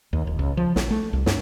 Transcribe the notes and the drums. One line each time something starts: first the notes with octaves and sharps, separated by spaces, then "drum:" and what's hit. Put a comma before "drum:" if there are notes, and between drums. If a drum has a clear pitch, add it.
D#2
D1
C#2
F3
A#1, drum: snare
A3
C2
G2, drum: snare